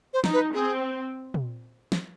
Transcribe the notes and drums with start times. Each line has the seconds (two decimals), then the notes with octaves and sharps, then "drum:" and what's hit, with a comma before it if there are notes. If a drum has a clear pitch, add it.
0.13 C5
0.24 D#4, drum: snare
0.33 B4
0.54 C4 G#4
1.34 drum: tom
1.92 drum: snare